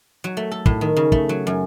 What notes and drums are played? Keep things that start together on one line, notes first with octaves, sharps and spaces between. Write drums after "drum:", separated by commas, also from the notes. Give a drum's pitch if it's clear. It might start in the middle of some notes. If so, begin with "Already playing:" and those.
F#3
A3
A4
A2, drum: kick
D#3
C#3
A3, drum: kick
F#3
F#2